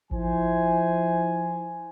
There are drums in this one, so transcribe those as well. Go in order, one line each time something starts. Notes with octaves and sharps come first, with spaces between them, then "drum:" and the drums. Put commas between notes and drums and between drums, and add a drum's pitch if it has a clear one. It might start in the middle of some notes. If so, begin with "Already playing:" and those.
F3 E4 C5 G#5, drum: kick G#1